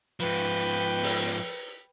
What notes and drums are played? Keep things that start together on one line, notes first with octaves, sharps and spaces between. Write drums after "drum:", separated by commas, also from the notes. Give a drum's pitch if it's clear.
G#2 F3 B4 G5
drum: open hi-hat